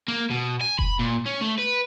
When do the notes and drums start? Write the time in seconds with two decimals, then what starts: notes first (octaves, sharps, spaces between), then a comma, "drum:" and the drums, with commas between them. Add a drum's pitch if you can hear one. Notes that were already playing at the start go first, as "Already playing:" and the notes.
0.08 A#3
0.30 B2
0.61 G#5
0.79 B5, drum: kick F1
0.99 A#2
1.26 C#4
1.41 A3
1.58 B4